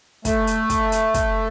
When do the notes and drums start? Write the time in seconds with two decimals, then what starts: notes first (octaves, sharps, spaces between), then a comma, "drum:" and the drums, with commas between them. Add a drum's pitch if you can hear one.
0.25 A3, drum: kick, hi-hat
0.47 drum: hi-hat
0.70 drum: kick, hi-hat
0.92 drum: hi-hat
1.14 drum: kick, hi-hat